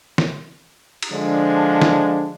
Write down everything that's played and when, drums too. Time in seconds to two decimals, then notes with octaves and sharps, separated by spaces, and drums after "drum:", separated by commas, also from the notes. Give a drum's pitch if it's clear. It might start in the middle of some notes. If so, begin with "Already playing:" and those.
0.18 drum: snare
1.03 drum: cymbal
1.12 D3 F3 G#3 D4
1.82 drum: snare